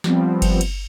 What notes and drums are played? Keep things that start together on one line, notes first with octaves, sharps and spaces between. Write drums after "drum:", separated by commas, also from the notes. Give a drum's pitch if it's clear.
F3 G3 B3 C4, drum: snare
drum: kick G1, cymbal
drum: cymbal